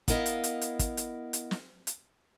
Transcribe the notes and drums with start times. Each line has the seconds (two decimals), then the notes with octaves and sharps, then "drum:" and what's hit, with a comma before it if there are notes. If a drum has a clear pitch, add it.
0.08 B3 E4 A#4 D#5 F5, drum: kick, hi-hat
0.26 drum: hi-hat
0.44 drum: hi-hat
0.61 drum: hi-hat
0.79 drum: kick, hi-hat
0.97 drum: hi-hat
1.33 drum: hi-hat
1.51 drum: snare
1.87 drum: hi-hat